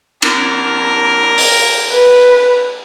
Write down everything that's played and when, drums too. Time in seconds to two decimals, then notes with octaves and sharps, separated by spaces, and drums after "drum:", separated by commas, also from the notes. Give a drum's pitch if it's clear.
0.22 A#4, drum: cymbal
1.38 drum: open hi-hat
1.92 B4